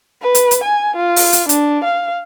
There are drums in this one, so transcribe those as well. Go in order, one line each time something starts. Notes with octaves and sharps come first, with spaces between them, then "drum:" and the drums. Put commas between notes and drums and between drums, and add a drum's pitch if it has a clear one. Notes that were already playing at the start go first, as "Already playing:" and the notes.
B4
drum: hi-hat
drum: hi-hat
G#5
F4
drum: open hi-hat
drum: hi-hat
D4, drum: hi-hat
F5